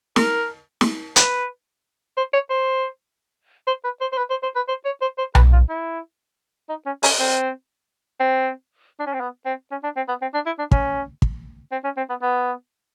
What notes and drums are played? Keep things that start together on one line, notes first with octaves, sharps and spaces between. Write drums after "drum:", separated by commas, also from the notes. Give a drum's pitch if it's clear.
A#4, drum: snare
drum: snare
B4, drum: hi-hat
C5
C#5
C5
C5
B4
C5
C5
B4
C5
C5
B4
C5
C#5
C5
C5
B4, drum: tom B1
F4
E4
D#4
C#4
C#4, drum: open hi-hat
C4
C4
D4
C#4
C4
B3
C4
C#4
D4
C4
B3
C4
D4
E4
D4
C#4, drum: kick
drum: kick
C4
C#4
C4
B3
B3